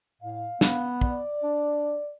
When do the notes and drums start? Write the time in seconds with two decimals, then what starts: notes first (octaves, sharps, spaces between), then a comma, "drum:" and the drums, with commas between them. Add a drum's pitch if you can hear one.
0.21 A2 F5
0.61 B3, drum: snare
1.01 D5, drum: kick
1.43 D4